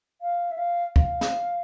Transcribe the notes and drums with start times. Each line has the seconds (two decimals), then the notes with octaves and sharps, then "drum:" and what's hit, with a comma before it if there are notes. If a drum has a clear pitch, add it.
0.22 F5
0.51 E5
0.58 F5
0.96 F5, drum: kick
1.21 drum: snare